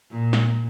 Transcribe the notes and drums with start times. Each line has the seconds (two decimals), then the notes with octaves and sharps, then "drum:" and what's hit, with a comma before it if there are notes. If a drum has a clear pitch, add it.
0.11 A#2
0.33 drum: snare